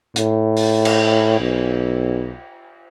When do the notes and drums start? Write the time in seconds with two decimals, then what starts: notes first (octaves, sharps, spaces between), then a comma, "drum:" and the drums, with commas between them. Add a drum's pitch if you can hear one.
0.16 A2, drum: hi-hat
0.57 drum: open hi-hat
0.85 drum: cymbal
1.40 B1